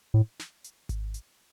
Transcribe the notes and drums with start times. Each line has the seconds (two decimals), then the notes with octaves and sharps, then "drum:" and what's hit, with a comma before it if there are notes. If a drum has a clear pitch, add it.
0.14 A2
0.39 drum: snare
0.64 drum: hi-hat
0.89 drum: kick G#1, hi-hat
1.14 drum: hi-hat